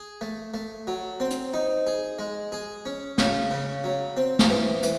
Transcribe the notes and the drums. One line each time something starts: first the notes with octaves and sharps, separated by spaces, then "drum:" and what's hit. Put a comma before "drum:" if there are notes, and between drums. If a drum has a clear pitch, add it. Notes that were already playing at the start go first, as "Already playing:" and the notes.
Already playing: G#4
A3
A3
F#3
C4
drum: hi-hat
D#4
G#4
G#3
G#4
C#4
C#3, drum: snare
C#3
F#3
C4
drum: snare
E3
E3, drum: hi-hat